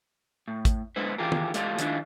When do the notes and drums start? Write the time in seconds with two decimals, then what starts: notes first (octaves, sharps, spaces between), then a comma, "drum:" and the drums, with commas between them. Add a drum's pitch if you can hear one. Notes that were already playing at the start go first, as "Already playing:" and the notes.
0.48 A2
0.65 drum: kick, hi-hat
0.96 D3 G#3 B3 E4 B4 C5
1.18 E3 F4 G4 G#4 A#4
1.32 drum: tom
1.54 A2 G#3 A3 F4 G4 D5, drum: hi-hat
1.78 D#3 F3 G#3 D4 E4 F4, drum: hi-hat